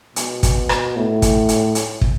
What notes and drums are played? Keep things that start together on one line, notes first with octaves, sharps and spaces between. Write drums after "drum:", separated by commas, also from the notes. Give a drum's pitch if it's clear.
B2, drum: hi-hat
drum: kick, hi-hat
drum: rim click
A2
drum: kick, hi-hat
drum: hi-hat
drum: hi-hat
drum: kick